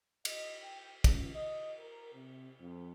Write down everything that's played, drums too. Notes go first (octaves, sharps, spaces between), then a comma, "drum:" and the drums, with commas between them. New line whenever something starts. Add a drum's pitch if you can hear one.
D#5, drum: cymbal
G5
C#2, drum: kick, cymbal
D#5
A#4
C3
F2